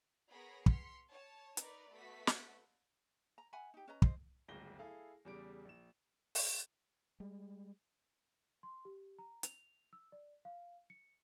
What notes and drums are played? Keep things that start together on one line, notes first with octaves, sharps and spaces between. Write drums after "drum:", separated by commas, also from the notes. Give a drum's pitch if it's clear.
B3 G#4 A#4 C#5 B5 A#6
C6 F6 B6 C#7, drum: kick
C#5 A5
D#4 A#4 B4 D5, drum: hi-hat
A3 B3 F#4 B6
drum: snare
A#5
E5 F#5 G#5 B5
D#4 G4
C#4 B4 D#5 A#5
C5 D#5, drum: kick
D1 G1 C#2 A#6 G7
E4 G#4 A4 F5
E2 C#3 G3 D6 D7
A#1 E7
drum: open hi-hat
G3 G#3
C6
G4
A#5
F7, drum: hi-hat
E6
D5
F5
C#7